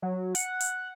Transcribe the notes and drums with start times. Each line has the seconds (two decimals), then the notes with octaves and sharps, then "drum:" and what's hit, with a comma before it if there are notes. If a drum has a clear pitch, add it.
0.02 F#3
0.35 F#5, drum: hi-hat
0.60 drum: hi-hat